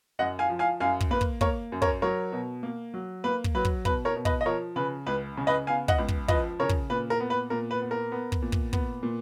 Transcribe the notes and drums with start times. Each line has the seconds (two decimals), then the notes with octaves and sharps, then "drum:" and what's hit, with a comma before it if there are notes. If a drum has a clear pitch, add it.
0.19 F#2 D#5 F#5
0.39 F5 G#5
0.49 F3
0.59 F5 G#5
0.80 F#2 F5 G#5
1.00 drum: kick
1.11 A#3 B4
1.21 drum: kick
1.41 A#3 A#4 C#5, drum: kick
1.72 F#2
1.82 A#4 C#5, drum: kick
2.02 F#3 A#4 C#5
2.32 B2
2.63 A#3
2.94 F#3
3.24 A#3 B4
3.44 drum: kick
3.55 F#3 B4
3.65 drum: kick
3.85 B2 B4, drum: kick
4.05 A#4 C#5
4.15 B2
4.25 B4 D#5, drum: kick
4.41 D#5
4.46 F3 A#4 C#5
4.76 C#3 B4
5.07 C#2 B4
5.37 C#3
5.47 B4 D#5
5.67 B3 F5 G#5
5.88 D#5 F#5, drum: kick
5.98 C#2
6.08 drum: kick
6.28 F3 B4 D#5, drum: kick
6.59 C#3 A#4 C#5
6.69 drum: kick
6.90 A#2 B4
7.10 A#4
7.20 B3
7.30 B4
7.50 A#2 A#4
7.71 B4
7.82 B3
7.91 A#4
8.12 B3
8.32 drum: kick
8.42 A#2
8.52 drum: kick
8.73 B3, drum: kick
9.03 A#2